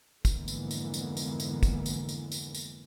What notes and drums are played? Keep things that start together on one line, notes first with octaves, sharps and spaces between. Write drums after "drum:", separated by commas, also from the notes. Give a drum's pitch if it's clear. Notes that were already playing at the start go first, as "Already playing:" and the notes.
F1 G#2 D3 E3 A#3 B3, drum: kick, tambourine
drum: tambourine
drum: tambourine
drum: tambourine
drum: tambourine
drum: tambourine
drum: kick, tambourine
drum: tambourine
drum: tambourine
drum: tambourine
drum: tambourine